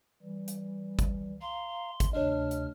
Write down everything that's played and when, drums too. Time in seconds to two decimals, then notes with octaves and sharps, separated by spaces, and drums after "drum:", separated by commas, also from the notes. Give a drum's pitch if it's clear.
0.22 E3 G3
0.48 drum: hi-hat
0.99 drum: kick, hi-hat
1.42 F5 A#5 C6
2.00 drum: kick, hi-hat
2.13 D2 C3 D4 C#5 D#5 F6
2.51 drum: hi-hat